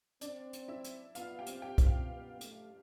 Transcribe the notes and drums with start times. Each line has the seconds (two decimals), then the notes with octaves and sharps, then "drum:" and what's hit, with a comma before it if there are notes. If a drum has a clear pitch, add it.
0.21 C4 D4 D5, drum: hi-hat
0.53 drum: hi-hat
0.68 E4 E5
0.84 drum: hi-hat
1.15 B3 F4 F5, drum: hi-hat
1.39 G4 G5
1.47 C4, drum: hi-hat
1.62 G4 G5
1.78 C4, drum: kick C2, hi-hat
1.86 F4 F5
2.10 B3
2.41 A3, drum: hi-hat